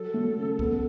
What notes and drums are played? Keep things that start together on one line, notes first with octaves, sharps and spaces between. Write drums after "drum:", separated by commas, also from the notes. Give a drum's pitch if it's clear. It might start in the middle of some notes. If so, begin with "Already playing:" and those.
Already playing: F#3 A4
A3
C#3
B3, drum: kick C#2